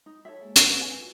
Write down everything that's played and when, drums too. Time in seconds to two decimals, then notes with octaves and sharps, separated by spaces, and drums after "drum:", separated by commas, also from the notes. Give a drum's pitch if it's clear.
0.06 D#4
0.25 A4 C#5 E5
0.41 G#3 A#3 G#4
0.56 C4 B4, drum: hi-hat
0.81 G#5
0.98 F4 F#4